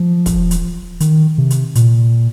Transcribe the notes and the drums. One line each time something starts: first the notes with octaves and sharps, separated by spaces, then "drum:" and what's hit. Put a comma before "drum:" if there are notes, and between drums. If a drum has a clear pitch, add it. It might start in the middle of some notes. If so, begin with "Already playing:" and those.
Already playing: F3
drum: kick, hi-hat
drum: hi-hat
D#3, drum: hi-hat
C3
drum: hi-hat
A#2, drum: hi-hat